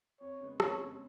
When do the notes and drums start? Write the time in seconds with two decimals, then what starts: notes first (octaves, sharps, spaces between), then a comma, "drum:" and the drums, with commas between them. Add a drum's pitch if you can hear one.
0.20 F2 C#5
0.40 C#3 G#3 B3
0.60 F2 C#5, drum: rim click
0.79 C#3 G#3 B3